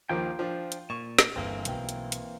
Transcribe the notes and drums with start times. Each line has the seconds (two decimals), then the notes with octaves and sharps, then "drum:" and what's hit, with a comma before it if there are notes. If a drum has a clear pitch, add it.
0.09 A#1 D#2 F3 F4 G5
0.39 F3 D4
0.72 drum: hi-hat
0.90 A#2 C#6
1.19 drum: snare
1.36 G1 E3 A#3 C4
1.65 B1 G5, drum: hi-hat
1.89 drum: hi-hat
2.12 drum: hi-hat